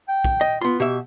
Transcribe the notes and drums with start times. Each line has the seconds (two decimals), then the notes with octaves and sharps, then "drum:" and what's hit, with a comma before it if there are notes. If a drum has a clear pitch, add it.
0.08 G5
0.25 drum: kick
0.41 D#5
0.62 B3 F4 C6
0.80 B2 G4 E5